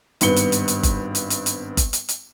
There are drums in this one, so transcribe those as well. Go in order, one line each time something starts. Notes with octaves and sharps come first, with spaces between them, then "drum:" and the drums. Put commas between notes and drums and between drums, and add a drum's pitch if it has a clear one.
G#1 G2 B3 B4 C#7 G7, drum: hi-hat
drum: hi-hat
drum: hi-hat
drum: hi-hat
drum: kick F#1, hi-hat
drum: hi-hat
drum: hi-hat
drum: hi-hat
drum: kick F#1, hi-hat
drum: hi-hat
drum: hi-hat